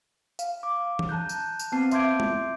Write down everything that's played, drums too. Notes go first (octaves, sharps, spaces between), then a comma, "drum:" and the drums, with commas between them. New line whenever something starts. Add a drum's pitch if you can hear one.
F5, drum: tambourine
D6
drum: tom E3
A5 A#5 F#6 G6
drum: tambourine
drum: tambourine
B3 C4 A5 C7
E5 C6 D6 G6 G#6 D7, drum: tambourine
drum: tom G#3